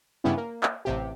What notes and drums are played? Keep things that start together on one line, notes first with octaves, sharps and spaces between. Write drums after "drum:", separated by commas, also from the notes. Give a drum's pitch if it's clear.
G2 C#3 G3 B3 C#4 E4
A#3
drum: clap
A1 C3 G4